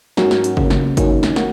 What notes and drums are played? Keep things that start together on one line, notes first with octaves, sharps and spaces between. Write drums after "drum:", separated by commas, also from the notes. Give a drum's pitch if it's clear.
G#2 F#3 C#4 F#4 A#4, drum: snare
drum: snare
drum: hi-hat
C#2 C#3 F#3 A#3, drum: kick
drum: snare
D#3 F#3 A#3 C#4, drum: kick, hi-hat
drum: snare
A#3 F#4, drum: snare